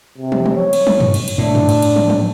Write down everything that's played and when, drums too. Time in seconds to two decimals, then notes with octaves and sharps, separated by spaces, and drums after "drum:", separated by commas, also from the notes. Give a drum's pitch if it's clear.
0.18 C3
0.32 drum: tom
0.46 drum: tom
0.56 C#5
0.73 drum: cymbal
0.87 drum: tom
1.00 drum: tom
1.14 drum: cymbal
1.28 drum: cymbal
1.38 A2 D4
1.55 drum: tom
1.69 drum: cymbal
1.82 drum: cymbal
1.96 drum: tom
2.10 drum: tom